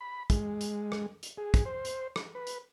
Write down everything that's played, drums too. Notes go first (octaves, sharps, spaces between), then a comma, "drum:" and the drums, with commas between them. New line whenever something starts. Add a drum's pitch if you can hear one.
B5
G#3, drum: kick, hi-hat
drum: hi-hat
drum: rim click
drum: hi-hat
G#4
drum: kick, hi-hat
C5
drum: hi-hat
drum: rim click
B4
drum: hi-hat